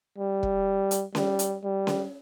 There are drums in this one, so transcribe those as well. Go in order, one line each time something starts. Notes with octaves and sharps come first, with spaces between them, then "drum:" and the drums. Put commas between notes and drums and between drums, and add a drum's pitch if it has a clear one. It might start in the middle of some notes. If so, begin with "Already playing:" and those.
G3
drum: kick
drum: hi-hat
G3, drum: snare C#4
drum: hi-hat
G3
drum: snare C#4